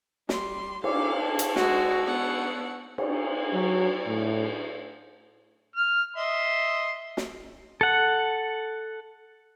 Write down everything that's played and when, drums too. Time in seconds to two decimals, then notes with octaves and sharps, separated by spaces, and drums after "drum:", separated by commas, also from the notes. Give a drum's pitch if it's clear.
0.29 G3 C6, drum: snare
0.84 E4 A4 F5 D6, drum: cymbal
1.19 E5 A5
1.39 drum: hi-hat
1.56 G#3 F#4 A5 C#6 E6, drum: snare
2.06 B3 F#5
2.98 drum: cymbal
3.52 F#3
4.05 A2
5.76 F6
6.16 D#5 E5 C6
7.17 drum: snare
7.81 A4 F#5